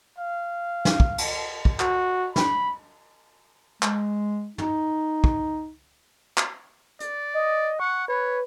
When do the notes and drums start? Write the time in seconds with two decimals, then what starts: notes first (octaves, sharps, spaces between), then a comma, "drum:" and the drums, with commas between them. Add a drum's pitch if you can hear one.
0.18 F5
0.85 drum: snare
1.00 drum: kick
1.18 drum: cymbal
1.65 drum: kick
1.80 F#4, drum: clap
2.36 B5, drum: snare
3.83 G#3, drum: clap
4.58 D#4, drum: tom
5.24 drum: kick
6.38 drum: clap
7.00 D5, drum: hi-hat
7.34 D#5
7.80 F#5 C#6
8.08 B4 C#5